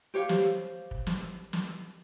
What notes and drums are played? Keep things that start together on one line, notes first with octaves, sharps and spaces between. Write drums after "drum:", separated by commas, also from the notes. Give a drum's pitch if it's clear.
G4 C5 C#5 F5
drum: snare
drum: kick
drum: snare
drum: snare